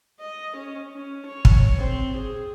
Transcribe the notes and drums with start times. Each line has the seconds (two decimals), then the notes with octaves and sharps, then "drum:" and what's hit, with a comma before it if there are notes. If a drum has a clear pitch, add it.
0.20 D#5
0.57 C#4
0.92 C#4
1.27 C#5
1.45 drum: kick
1.78 C4
2.18 G#4